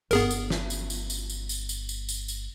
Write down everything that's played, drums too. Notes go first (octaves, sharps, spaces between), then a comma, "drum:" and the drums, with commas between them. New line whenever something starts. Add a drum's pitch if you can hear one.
G1 B3 G#4 A#4, drum: tambourine
drum: tambourine
drum: snare
drum: tambourine
drum: tambourine
drum: tambourine
drum: tambourine
drum: tambourine
drum: tambourine
drum: tambourine
drum: tambourine
drum: tambourine